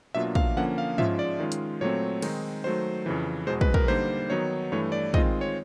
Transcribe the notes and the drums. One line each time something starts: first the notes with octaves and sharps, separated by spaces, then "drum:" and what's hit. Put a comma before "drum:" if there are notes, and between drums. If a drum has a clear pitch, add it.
B2 F#3 A#3 D4 F4 E5
F5, drum: kick
D3 F3 A#3 C#4 F#5
F5
G#2 F3 G#3 C#4 F4 E5, drum: tom
D5
D#3 G#3 C#4 F4
drum: hi-hat
A#2 F#3 A3 C4 C#5
D#3 G#3 C4 D#4, drum: cymbal
D#3 F#3 A3 C5
F2 C#3 E3
E2 B2 G#3 C5
B4, drum: kick
A#4, drum: kick
D3 G3 A#3 D#4 C5
D#3 F#3 B3 D#4 C#5
G2 E3 A3 C#5
D5
D#3 G#3 C4 F4 D#5, drum: kick
C#5